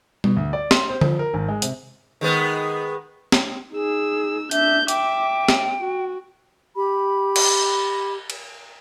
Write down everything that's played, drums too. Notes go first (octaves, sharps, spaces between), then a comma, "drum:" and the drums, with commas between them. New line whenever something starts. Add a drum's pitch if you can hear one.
B2, drum: tom G3
D2
D5
C6, drum: snare
C5
F3, drum: tom D3
A#4
G#1
G#3
C3, drum: hi-hat
D#3 G#3 B3
drum: snare
D#4 G#4 E6
D4 E5 G6, drum: hi-hat
E5 G5 D6, drum: hi-hat
drum: snare
F#4
G4 B5
drum: cymbal
drum: cymbal